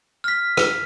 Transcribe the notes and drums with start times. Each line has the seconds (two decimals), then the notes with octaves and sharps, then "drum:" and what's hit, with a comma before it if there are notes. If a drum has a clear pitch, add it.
0.24 F6 B6
0.57 drum: rim click